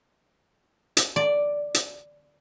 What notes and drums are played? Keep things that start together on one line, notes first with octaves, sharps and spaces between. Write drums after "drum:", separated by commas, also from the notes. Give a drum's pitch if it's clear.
drum: hi-hat
D5
drum: hi-hat